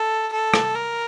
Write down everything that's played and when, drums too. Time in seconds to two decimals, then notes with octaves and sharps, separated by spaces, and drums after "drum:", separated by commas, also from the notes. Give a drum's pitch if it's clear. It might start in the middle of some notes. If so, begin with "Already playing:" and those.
Already playing: A4
0.33 A4
0.54 drum: rim click
0.75 A#4